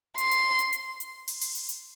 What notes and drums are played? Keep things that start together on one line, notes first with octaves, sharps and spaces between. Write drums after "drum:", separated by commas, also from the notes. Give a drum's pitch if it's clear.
C6, drum: hi-hat
drum: hi-hat
drum: hi-hat
drum: hi-hat
drum: hi-hat
drum: open hi-hat
drum: open hi-hat
drum: hi-hat
drum: hi-hat